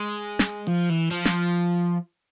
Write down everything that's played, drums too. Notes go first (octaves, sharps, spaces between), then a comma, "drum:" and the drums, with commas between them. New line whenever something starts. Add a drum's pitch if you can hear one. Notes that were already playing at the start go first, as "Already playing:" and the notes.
Already playing: G#3
drum: snare
F3
E3
F3
drum: snare